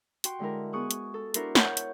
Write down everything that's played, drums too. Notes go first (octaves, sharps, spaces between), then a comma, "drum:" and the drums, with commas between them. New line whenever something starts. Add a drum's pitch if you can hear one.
F#4 G5 C6, drum: hi-hat
D3 G#3 E4 A#4
B3 G#4 C#6 D#6 F#6
drum: hi-hat
A4
D4 E4 F#4 A#4 C5, drum: hi-hat
C#5 F#5 G6, drum: snare
drum: hi-hat